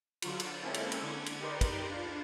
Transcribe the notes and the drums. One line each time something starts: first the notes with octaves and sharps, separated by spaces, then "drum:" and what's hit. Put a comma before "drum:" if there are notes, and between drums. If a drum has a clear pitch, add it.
D3 F#3 F4, drum: cymbal
drum: cymbal
G#3 A#3 C4 C#4 E4 A4
drum: cymbal
drum: cymbal
D3 G#6
drum: cymbal
D#4 G4 A#4 B4 D5 C6
drum: kick, cymbal
D4 F4